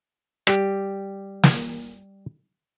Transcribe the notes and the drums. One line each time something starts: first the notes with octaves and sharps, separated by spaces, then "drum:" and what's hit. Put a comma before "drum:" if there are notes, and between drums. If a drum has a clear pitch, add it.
G3 G4, drum: rim click
drum: snare